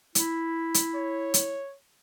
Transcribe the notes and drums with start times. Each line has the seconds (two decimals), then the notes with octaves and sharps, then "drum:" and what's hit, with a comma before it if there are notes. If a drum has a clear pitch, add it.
0.15 E4, drum: hi-hat
0.74 drum: hi-hat
0.96 C#5
1.34 drum: hi-hat